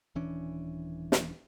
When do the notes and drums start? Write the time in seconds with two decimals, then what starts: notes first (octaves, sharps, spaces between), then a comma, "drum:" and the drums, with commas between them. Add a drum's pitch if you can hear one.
0.15 D#1 E3 C#4 D4
1.12 drum: snare